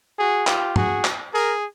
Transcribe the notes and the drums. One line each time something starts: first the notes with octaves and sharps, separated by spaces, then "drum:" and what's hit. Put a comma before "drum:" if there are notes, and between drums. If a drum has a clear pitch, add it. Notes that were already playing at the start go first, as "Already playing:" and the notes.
F#4 G#4
F4 G4, drum: clap
F#4 G#4, drum: tom
drum: clap
G#4 A#4